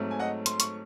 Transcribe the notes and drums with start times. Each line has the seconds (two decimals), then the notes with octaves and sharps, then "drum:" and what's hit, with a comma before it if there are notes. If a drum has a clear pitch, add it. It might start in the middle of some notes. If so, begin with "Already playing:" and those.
Already playing: G#2 F#3 A3 C4
0.11 G#5
0.20 D#5 F#5
0.46 C6, drum: hi-hat
0.60 C#6, drum: hi-hat